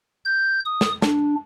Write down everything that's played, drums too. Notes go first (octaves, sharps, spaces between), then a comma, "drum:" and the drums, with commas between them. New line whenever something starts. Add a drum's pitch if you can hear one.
G6
D#6
drum: snare
D4, drum: snare